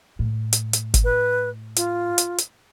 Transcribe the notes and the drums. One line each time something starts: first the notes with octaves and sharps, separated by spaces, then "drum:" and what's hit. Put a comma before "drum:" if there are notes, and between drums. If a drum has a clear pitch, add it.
A2
drum: hi-hat
drum: hi-hat
drum: kick G1, hi-hat
B4
F4, drum: hi-hat
drum: hi-hat
drum: hi-hat